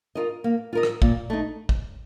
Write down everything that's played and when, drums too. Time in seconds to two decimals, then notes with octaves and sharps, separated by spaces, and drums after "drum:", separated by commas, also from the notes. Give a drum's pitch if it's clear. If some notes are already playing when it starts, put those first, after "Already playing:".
0.15 F4 A#4 D#5
0.44 A#3
0.73 F4 A#4 D#5
0.83 drum: rim click
1.02 A#2, drum: kick
1.30 A3 D#4
1.69 drum: kick